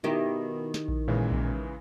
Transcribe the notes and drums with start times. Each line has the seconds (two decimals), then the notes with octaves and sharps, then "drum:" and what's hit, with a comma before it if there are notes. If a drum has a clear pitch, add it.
0.04 B2 D#3 E4 G4
0.74 drum: snare
0.88 drum: kick A#1
1.08 C#2 A#2 C#3 E3 G#3
1.32 drum: kick A#1